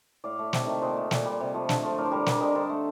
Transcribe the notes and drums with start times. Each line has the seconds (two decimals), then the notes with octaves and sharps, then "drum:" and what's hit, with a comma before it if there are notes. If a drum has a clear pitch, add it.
0.24 A2 D5 F5
0.39 A3
0.53 C3, drum: snare
0.67 D#3 A3
0.82 A#2 C5 D#5
0.97 A3
1.11 A#2, drum: snare
1.25 G3
1.40 C3
1.54 F3 A3
1.69 D3, drum: snare
1.83 F3 A3
1.98 A2 A#4 D5
2.05 C5
2.11 G3 G4 A#4
2.26 D3 A#4 D5, drum: snare
2.40 G3 C5 D#5
2.55 D3 A4 C5
2.70 A3